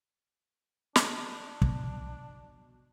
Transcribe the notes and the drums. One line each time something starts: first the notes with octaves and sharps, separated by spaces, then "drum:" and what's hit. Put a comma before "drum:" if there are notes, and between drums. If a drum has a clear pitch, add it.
D4, drum: snare
B2, drum: kick